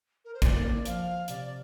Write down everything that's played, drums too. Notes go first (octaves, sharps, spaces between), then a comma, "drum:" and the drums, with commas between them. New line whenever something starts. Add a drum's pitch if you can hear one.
A#4
C5
A#3 D5, drum: kick, hi-hat
F3 F5, drum: hi-hat
C3 D5, drum: hi-hat
D5